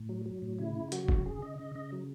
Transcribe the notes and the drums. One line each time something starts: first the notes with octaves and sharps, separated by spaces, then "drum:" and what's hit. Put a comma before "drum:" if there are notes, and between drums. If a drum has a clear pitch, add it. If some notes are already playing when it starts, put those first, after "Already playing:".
Already playing: A2
F#3
F#3
A2
C#3 E4
C#3
F#3 F#4, drum: hi-hat
C#3, drum: kick
C#3 G#4
C#3 D#5
C#3 D#5
C#3 D#5
F#3